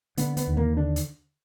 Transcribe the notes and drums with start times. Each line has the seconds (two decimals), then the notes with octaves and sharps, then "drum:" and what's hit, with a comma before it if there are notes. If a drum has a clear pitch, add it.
0.17 D3 B3, drum: hi-hat
0.37 B3, drum: hi-hat
0.47 D#2
0.57 A#3, drum: kick
0.76 D3 D4
0.96 drum: hi-hat